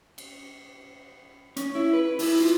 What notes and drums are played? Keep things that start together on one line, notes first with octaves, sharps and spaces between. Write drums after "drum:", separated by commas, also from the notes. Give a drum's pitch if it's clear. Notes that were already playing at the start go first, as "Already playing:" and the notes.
drum: cymbal
C#4, drum: hi-hat
E4
B4
E4, drum: open hi-hat
F4